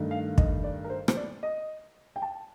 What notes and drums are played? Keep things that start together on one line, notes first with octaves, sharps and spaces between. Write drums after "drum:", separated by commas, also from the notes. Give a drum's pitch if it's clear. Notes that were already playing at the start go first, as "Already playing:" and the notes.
Already playing: G2 D#3 A3
F5
D#5, drum: kick
D5
A#4
C5
C5, drum: rim click
D5
D#5
G5
A5